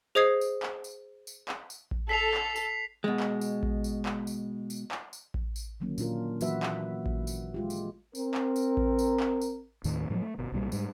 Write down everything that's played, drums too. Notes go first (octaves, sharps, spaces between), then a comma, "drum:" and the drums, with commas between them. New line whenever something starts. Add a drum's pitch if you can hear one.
G#4 C5 D#5 D#6 G#6 C7
drum: tambourine
drum: clap
drum: tambourine
drum: tambourine
drum: clap
drum: tambourine
drum: kick A1
A4 B6 C7 F7
drum: clap
drum: tambourine
B2 G#3
drum: clap
drum: tambourine
drum: kick A1
drum: tambourine
drum: clap
drum: tambourine
drum: tambourine
drum: clap
drum: tambourine
drum: kick A1
drum: tambourine
D3 D#3 F#3 A#3 C#4
A#2 D4 F4 A#4, drum: tambourine
E3 F#3 A#3 F#4 B4 E5, drum: tambourine
drum: clap
drum: kick A1
drum: tambourine
G#3 F4 G4
drum: tambourine
C4 A#4, drum: tambourine
drum: clap
drum: tambourine
drum: kick A1
drum: tambourine
drum: clap
drum: tambourine
D#2 A2 D#3, drum: tambourine
A2 F3 F#3 A3
A3
G1 B2
B1 A#2 C#3 G3
G#2 G3, drum: tambourine